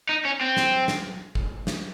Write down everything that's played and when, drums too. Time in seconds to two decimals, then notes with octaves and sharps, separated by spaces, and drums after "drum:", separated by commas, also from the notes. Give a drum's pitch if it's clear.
0.09 D#4
0.25 C#4
0.41 C4
0.57 drum: snare
0.88 drum: snare
1.35 drum: kick
1.67 drum: snare